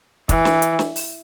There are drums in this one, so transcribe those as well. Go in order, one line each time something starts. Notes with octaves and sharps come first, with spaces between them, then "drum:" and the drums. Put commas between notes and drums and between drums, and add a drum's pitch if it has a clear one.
E3, drum: kick, hi-hat
drum: snare
drum: hi-hat
drum: snare
drum: open hi-hat